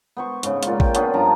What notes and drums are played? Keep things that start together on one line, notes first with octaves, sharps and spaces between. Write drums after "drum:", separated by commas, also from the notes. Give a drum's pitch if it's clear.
B3 C5 C#6
G#2 C#3, drum: hi-hat
A#2 F4, drum: hi-hat
G5, drum: kick A1
B3 C#4 D4 F4, drum: hi-hat
G2 F3 A5 A#5